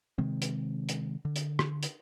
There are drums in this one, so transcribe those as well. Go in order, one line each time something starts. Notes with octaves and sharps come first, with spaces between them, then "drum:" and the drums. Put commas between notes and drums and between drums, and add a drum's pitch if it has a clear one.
C3 D#3 G#3 C4
drum: hi-hat
drum: hi-hat
D3
drum: hi-hat
drum: rim click
drum: hi-hat